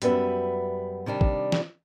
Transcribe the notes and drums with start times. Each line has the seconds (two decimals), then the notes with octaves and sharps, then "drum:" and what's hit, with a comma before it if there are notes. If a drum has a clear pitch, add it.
0.02 F#2 G3 B3 B4 E5, drum: hi-hat
1.06 C3 D#3 G3 D4
1.21 drum: kick
1.52 drum: snare